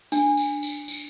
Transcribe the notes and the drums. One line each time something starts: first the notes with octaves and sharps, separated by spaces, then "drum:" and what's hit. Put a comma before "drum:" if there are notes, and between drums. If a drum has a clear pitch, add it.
D4, drum: tambourine
drum: tambourine
drum: tambourine
drum: tambourine